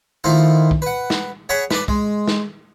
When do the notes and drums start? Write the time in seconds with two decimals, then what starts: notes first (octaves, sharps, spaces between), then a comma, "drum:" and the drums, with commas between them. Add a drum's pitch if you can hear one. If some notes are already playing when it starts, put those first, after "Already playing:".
0.24 D#3 F3 A3 E4 F4
0.71 drum: kick
0.82 B4 F#5
1.10 drum: snare
1.49 G#4 C#5 F#5 A5 B5
1.71 B4 D5, drum: snare
1.88 G#3, drum: kick
2.28 drum: snare